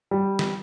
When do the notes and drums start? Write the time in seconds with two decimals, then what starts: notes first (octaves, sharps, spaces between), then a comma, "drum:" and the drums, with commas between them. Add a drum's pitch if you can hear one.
0.11 G3
0.39 drum: snare